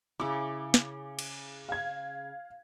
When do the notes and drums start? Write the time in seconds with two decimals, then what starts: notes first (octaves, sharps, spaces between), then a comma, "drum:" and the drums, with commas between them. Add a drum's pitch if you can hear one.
0.20 C#3 E4 D6
0.74 drum: snare
1.19 drum: cymbal
1.69 F5 G#6